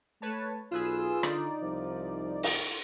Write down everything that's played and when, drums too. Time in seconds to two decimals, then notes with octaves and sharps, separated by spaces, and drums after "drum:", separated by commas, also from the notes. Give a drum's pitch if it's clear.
0.22 A3 B4 C#5 A5
0.72 B1 F4 G#4 B4 E6
1.23 D3 D#4 D5, drum: rim click
1.62 C2 F3
2.43 drum: open hi-hat